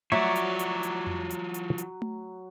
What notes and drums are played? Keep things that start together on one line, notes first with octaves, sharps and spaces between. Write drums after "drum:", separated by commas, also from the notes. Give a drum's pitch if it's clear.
F3 F#3 F#4 C#5 D5 E5, drum: tom A3
drum: hi-hat
drum: hi-hat
drum: hi-hat
drum: tom F2
drum: hi-hat
drum: hi-hat
drum: hi-hat
drum: tom A3